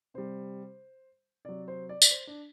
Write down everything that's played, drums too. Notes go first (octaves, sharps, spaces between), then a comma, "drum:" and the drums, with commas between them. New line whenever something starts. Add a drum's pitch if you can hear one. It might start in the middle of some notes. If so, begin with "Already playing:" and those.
C3 G3 C5
C3 F#3 D5
C5
D5
D5, drum: tambourine
C5
D4